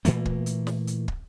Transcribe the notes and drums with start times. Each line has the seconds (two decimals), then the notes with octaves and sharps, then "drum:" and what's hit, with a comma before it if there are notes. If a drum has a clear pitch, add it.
0.05 A#2 E3 A3 A#3, drum: hi-hat
0.25 drum: kick
0.46 drum: hi-hat
0.67 drum: snare
0.87 drum: hi-hat
1.08 drum: kick